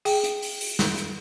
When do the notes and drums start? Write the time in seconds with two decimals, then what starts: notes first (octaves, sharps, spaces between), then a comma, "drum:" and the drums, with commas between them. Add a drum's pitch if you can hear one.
0.05 G#4 G5, drum: open hi-hat
0.24 drum: hi-hat
0.42 drum: open hi-hat
0.61 drum: open hi-hat
0.79 drum: snare
0.97 drum: hi-hat